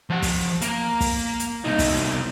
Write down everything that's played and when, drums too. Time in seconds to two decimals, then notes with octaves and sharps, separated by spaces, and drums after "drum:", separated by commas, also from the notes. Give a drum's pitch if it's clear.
0.10 F3 F#5
0.22 drum: kick, open hi-hat
0.61 A#3, drum: hi-hat
1.01 drum: kick, open hi-hat
1.40 drum: hi-hat
1.64 C2 D#4
1.79 drum: kick, open hi-hat